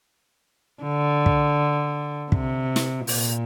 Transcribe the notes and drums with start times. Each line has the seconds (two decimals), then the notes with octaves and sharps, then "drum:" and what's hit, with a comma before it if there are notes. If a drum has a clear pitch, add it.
0.83 D3
1.26 drum: kick
2.32 C3, drum: kick
2.76 drum: snare
3.07 A#2, drum: open hi-hat